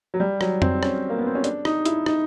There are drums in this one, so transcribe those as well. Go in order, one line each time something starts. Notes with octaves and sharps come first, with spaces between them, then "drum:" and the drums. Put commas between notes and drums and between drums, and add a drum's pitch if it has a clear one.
F#3
G3
F#3, drum: rim click
C4, drum: tom F2
C#4, drum: rim click
A#3
B3
C4
C#4
D4, drum: hi-hat
D#4, drum: rim click
E4, drum: hi-hat
D#4, drum: rim click